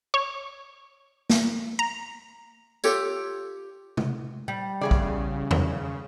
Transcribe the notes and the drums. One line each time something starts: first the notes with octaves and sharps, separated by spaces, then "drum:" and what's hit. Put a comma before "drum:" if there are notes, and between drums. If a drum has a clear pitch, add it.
C#5
drum: snare
A#5
F4 G4 A4 C#5, drum: tambourine
drum: tom
G3
E2 C#3 G#4 D5
drum: kick
drum: tom E2